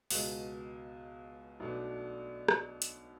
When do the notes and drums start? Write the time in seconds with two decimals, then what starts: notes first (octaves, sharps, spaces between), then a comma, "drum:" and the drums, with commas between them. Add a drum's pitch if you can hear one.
0.11 C#2 B2 G#3, drum: open hi-hat
1.60 B1 B2 A3 D4
2.49 drum: rim click
2.82 drum: hi-hat